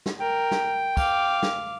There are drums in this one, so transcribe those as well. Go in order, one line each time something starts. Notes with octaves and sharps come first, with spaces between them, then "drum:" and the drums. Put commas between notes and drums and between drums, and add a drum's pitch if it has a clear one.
drum: snare
A#4 G5
drum: snare
F5 D6, drum: kick, tambourine
drum: snare